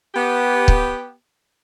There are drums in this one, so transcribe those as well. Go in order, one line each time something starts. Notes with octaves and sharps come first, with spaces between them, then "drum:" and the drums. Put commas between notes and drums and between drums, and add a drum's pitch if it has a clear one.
B3 G4
drum: kick